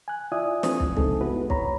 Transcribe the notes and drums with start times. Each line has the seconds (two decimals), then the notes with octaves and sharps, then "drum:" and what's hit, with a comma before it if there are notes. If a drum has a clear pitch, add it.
0.08 G#5 F#6
0.32 E4 F4 D5 E5 G#5 D#6
0.63 F3 C4 D4 D#6, drum: snare
0.80 drum: kick
0.97 C#3 G#3 C4 D#4 G#4 A4, drum: kick
1.21 B3 E4 F#4 B4
1.50 C#5 A#5 B5, drum: kick